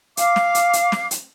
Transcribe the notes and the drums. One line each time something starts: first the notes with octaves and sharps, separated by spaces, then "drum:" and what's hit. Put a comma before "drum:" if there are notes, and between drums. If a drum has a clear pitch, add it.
F5 D6, drum: hi-hat
drum: snare
drum: hi-hat
drum: hi-hat
drum: snare
drum: hi-hat